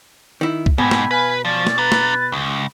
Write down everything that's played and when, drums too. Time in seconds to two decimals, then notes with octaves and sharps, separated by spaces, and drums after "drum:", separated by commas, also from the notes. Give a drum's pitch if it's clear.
0.41 D#3 E4
0.66 drum: kick
0.78 G#2 B2 G4 A4 G#5 B5
0.91 drum: snare
1.11 B4 F5 G#5
1.45 F3 C#4 C#5 D5 A6
1.67 drum: snare
1.78 D4 B4 A#5
1.92 drum: snare
2.32 C#2 D#6